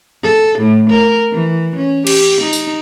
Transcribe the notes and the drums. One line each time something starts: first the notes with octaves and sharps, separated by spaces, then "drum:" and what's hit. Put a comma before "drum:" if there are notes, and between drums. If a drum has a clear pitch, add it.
A4
A2
A#4
E3
C#4
G4, drum: cymbal
D#4
drum: tambourine